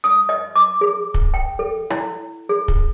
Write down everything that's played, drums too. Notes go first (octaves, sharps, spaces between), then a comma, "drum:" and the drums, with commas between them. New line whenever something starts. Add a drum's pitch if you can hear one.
D#6
D#5
D6
G#4
drum: kick
G5
A4
E4, drum: rim click
G#4
drum: kick